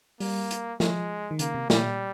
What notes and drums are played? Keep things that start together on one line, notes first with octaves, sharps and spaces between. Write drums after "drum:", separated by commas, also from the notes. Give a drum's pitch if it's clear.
G3 A#3, drum: open hi-hat
drum: hi-hat
F3 G#3, drum: snare
D#3
C#3 A#3, drum: hi-hat
C3
A#2 G3, drum: snare